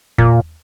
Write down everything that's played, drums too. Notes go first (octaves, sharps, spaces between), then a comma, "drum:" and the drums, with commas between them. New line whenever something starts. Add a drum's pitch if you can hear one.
A#2, drum: kick E2